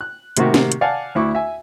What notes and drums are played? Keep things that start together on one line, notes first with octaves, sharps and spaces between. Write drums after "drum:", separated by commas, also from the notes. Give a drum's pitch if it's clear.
F#6
A2 C3 D#3 A#3 F#4 G4, drum: hi-hat
drum: snare
drum: hi-hat
D5 F5 F#5 G#5 A5
D2 E4 C#6 D6
E5 G#5